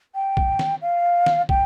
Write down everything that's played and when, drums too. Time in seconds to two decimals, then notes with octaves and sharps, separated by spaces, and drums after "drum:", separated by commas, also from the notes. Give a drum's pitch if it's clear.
0.15 G5
0.37 drum: kick
0.59 drum: snare
0.82 F5
1.26 drum: snare
1.49 G5, drum: kick